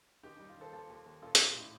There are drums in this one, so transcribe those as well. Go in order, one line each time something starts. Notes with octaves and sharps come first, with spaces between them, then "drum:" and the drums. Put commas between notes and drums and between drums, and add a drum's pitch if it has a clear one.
D#2 D#4 G4
G3 D#4
F4
D#3 A4 C5
D#2 F4 A4
D#2
D#2
A#1 F4 A4
A#1 D#4 G4, drum: hi-hat
F4
A2 D#4